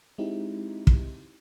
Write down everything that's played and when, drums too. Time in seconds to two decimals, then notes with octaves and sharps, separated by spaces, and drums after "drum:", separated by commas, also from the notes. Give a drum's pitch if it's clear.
0.18 G#3 C4 D#4 E4 G4
0.87 drum: kick